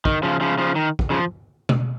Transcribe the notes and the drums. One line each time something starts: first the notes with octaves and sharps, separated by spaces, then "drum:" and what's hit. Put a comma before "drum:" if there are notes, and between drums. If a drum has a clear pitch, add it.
D#3, drum: kick
C#3 F3
C#3 F3
C#3 F3
D#3
drum: kick
C#3 F3
drum: tom B2